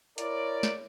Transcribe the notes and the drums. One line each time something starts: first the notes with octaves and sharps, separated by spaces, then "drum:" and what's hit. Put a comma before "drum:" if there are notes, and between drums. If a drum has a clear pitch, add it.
E4 A#4 C#5 D5, drum: hi-hat
drum: snare